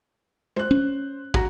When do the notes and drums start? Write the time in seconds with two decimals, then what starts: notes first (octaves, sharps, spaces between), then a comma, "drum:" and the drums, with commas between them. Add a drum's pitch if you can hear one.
0.56 C5 F#6, drum: tom
0.71 C#4
1.34 F#4 A#5, drum: kick